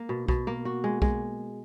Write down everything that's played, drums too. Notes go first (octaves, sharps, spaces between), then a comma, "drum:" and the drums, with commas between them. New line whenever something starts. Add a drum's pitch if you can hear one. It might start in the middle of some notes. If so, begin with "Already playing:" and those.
Already playing: A#3
B2
B2, drum: kick B1
A#3
F#4
G#3
G#3, drum: kick B1